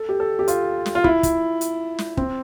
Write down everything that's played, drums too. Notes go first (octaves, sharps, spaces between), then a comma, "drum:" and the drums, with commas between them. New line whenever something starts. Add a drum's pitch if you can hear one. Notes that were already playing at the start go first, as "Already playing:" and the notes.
Already playing: A4
G4
A4
G4
F4, drum: hi-hat
drum: snare
F4
E4, drum: kick
drum: kick, hi-hat
drum: hi-hat
drum: snare
C4, drum: kick